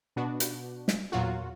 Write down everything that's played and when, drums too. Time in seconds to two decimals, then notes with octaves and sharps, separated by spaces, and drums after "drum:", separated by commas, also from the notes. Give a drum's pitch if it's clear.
0.16 B2 B3 D4 F#4
0.40 drum: hi-hat
0.88 drum: snare
1.12 E2 A#2 F#3 F4 F#4